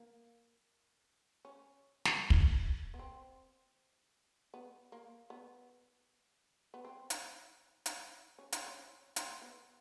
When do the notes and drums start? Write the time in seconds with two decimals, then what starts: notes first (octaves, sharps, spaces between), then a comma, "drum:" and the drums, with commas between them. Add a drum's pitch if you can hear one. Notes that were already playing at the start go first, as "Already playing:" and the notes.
Already playing: A#3
1.45 C#4
2.05 drum: snare
2.30 drum: kick
2.94 B3
2.99 C4
4.54 B3
4.92 A#3
5.30 B3
6.74 B3
6.85 C4
7.10 drum: hi-hat
7.86 drum: hi-hat
8.38 C#4
8.52 C4, drum: hi-hat
8.66 C#4
9.16 C4, drum: hi-hat
9.42 B3